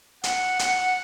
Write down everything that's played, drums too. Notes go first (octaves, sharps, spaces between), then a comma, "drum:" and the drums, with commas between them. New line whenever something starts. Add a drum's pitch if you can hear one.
F#5, drum: hi-hat
F#5, drum: hi-hat